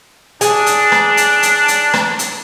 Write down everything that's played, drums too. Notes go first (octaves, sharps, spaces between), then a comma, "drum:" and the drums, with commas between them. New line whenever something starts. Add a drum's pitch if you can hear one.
D4 G#4, drum: hi-hat
drum: hi-hat
drum: rim click
drum: hi-hat
drum: hi-hat
drum: hi-hat
drum: rim click
drum: hi-hat